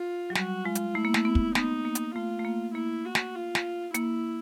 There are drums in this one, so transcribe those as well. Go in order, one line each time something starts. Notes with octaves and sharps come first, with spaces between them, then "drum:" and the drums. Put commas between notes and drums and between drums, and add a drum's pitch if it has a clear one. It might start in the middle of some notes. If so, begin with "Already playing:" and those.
Already playing: F4
F#3
G3 F#4, drum: snare
G#3 F4
drum: hi-hat
A3 E4
A#3
A3, drum: snare
B3
drum: kick
B3 D#4, drum: snare
A#3
drum: hi-hat
A3 F4
A3
A#3
A#3 E4
F#4
drum: snare
F4
drum: snare
A#3 E4, drum: hi-hat